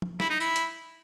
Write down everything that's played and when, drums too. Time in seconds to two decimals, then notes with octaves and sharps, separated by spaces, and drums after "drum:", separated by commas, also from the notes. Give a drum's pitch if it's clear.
0.02 drum: tom
0.20 E4, drum: snare
0.30 D#4
0.40 E4, drum: tambourine
0.56 drum: hi-hat